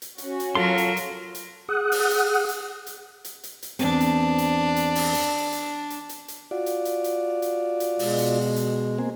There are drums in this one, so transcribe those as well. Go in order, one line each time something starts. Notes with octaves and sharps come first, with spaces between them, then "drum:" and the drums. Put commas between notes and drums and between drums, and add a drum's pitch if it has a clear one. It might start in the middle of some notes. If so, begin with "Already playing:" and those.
drum: hi-hat
C#4 F#4, drum: hi-hat
drum: hi-hat
F#3 F4 A4 A#4 C6
drum: hi-hat
drum: hi-hat
drum: hi-hat
G#4 F#5 D#6 F#6
drum: open hi-hat
drum: hi-hat
drum: hi-hat
drum: hi-hat
drum: hi-hat
drum: hi-hat
drum: hi-hat
E2 C4 D4, drum: hi-hat
drum: hi-hat
drum: hi-hat
drum: hi-hat
drum: open hi-hat
drum: hi-hat
drum: hi-hat
drum: hi-hat
drum: hi-hat
drum: hi-hat
F4 F#4 D5
drum: hi-hat
drum: hi-hat
drum: hi-hat
drum: hi-hat
drum: hi-hat
B2 G#3, drum: open hi-hat
drum: hi-hat
drum: hi-hat
A#3 C4 G#4